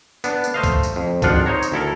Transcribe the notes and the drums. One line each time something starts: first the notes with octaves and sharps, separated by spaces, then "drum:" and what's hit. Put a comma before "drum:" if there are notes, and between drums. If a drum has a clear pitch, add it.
B3 D4, drum: tambourine
drum: tambourine
A3 C5 D#5 F5
drum: kick, tambourine
drum: tambourine
F2
G#1 F2 F3 D4 F4 F#5, drum: kick, tambourine
D#4 C5 C#5 A#5
drum: tambourine
D2 E4 A4 A#4